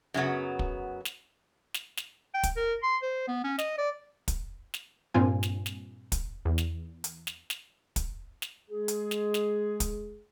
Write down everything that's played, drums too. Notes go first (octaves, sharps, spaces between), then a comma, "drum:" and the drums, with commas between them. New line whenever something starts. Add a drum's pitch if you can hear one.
F#2 C#3 F#3 B3
drum: kick
drum: snare
drum: snare
drum: snare
G5
drum: kick, hi-hat
A#4
C6
C5
B3
C#4
D#5, drum: snare
D5
drum: kick, hi-hat
drum: snare
G2 A#2 C4 F4 G#5
drum: snare
drum: snare
drum: kick, hi-hat
E2
drum: snare
drum: hi-hat
drum: snare
drum: snare
drum: kick, hi-hat
drum: snare
G#3 G#4
drum: hi-hat
drum: snare
drum: snare
drum: kick, hi-hat